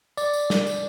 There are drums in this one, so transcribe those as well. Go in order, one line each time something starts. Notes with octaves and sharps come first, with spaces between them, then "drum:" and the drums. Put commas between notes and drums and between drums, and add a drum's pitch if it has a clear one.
D5, drum: tambourine
drum: tambourine
drum: snare
drum: tambourine